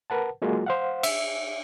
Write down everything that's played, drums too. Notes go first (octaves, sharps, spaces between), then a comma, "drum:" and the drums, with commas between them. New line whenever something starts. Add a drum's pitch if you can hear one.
A#4 B4 F#5 A5
F#3 G#3 A#3 F4 F#4 G#4
C5 F5 F#5
E5, drum: cymbal